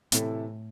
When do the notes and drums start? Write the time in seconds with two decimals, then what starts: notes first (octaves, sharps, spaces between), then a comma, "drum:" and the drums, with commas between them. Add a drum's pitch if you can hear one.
0.12 A2 C3 E3 A3 E4 A4, drum: hi-hat